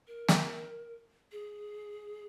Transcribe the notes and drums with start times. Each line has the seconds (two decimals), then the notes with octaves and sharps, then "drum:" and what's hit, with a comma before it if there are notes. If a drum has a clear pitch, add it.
0.07 A#4
0.29 drum: snare
1.32 G#4